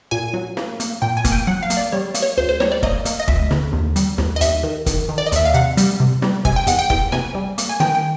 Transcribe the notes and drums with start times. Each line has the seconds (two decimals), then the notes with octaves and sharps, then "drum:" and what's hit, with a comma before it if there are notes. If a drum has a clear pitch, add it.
0.11 A#2 G#5
0.34 F#3
0.57 A#3, drum: snare
0.80 A#3, drum: hi-hat
1.02 A#2 G5
1.17 G#5
1.25 A#3, drum: kick, hi-hat
1.32 G5
1.47 F#3 F#5
1.63 F5
1.70 A#3, drum: hi-hat
1.77 D5
1.92 G3 C#5
2.14 A#3, drum: hi-hat
2.22 C#5
2.37 D2 C5
2.49 C5
2.60 G3 C#5, drum: snare
2.72 D5
2.83 A#3 D#5, drum: kick
3.05 A#3, drum: hi-hat
3.20 D#5
3.28 D2 E5, drum: kick
3.51 D3, drum: snare
3.73 D#2
3.96 G3, drum: hi-hat
4.18 D#2, drum: snare
4.36 D#5
4.41 D#2 E5, drum: hi-hat
4.63 D#3
4.86 D#3, drum: kick, hi-hat
5.09 D#3
5.18 D5
5.26 D#5
5.32 D#2 E5, drum: hi-hat
5.45 F5
5.54 C3 F#5
5.77 G3, drum: hi-hat
6.00 C3
6.22 G3, drum: snare
6.45 C3 G#5, drum: kick
6.56 G5
6.67 E2 F#5, drum: hi-hat
6.79 G5
6.90 E2 G5, drum: kick
7.12 C3 G#5, drum: snare
7.35 G3
7.58 A#3, drum: hi-hat
7.69 G#5
7.80 D#3 G5, drum: snare
7.95 G5